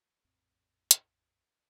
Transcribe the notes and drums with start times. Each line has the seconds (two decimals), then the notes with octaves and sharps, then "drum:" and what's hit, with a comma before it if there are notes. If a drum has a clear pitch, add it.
0.24 A#1 F2 A2 C4
0.91 drum: hi-hat